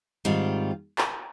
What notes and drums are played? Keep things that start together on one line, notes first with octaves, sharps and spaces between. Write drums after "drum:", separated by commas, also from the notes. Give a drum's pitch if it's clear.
G#2 D#3 G3 C4 F4
drum: clap